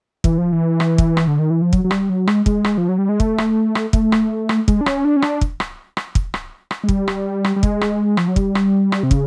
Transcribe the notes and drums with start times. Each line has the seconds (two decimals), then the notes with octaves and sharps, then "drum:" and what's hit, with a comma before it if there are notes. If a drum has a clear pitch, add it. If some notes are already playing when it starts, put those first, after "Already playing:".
0.24 E3, drum: kick
0.38 F3
0.52 E3
0.80 drum: rim click
0.98 drum: kick
1.17 drum: rim click
1.28 D3
1.39 D#3
1.50 E3
1.62 F3
1.73 F#3, drum: kick
1.84 F#3
1.91 G3, drum: rim click
2.10 F#3
2.27 G#3, drum: rim click
2.46 G#3, drum: kick
2.64 drum: rim click
2.78 F3
2.89 F#3
2.98 G3
3.09 G#3
3.20 A3, drum: kick
3.38 drum: rim click
3.75 drum: rim click
3.93 A3, drum: kick
4.12 drum: rim click
4.49 drum: rim click
4.68 G#3, drum: kick
4.81 D4
4.86 C#4, drum: rim click
5.05 D4
5.16 C#4
5.22 D4, drum: rim click
5.41 drum: kick
5.60 drum: rim click
5.97 drum: rim click
6.15 drum: kick
6.34 drum: rim click
6.71 drum: rim click
6.84 G#3
6.89 G3, drum: kick
7.08 drum: rim click
7.44 drum: rim click
7.56 G3
7.63 G#3, drum: kick
7.81 drum: rim click
8.17 F3, drum: rim click
8.28 F#3
8.36 G3, drum: kick
8.55 drum: rim click
8.92 drum: rim click
9.03 C3
9.11 C#3, drum: kick